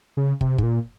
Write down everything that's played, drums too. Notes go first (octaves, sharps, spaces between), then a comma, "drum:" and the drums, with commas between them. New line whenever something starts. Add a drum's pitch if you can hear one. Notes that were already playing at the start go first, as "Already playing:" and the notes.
C#3
C3, drum: kick
G#2, drum: kick
A#2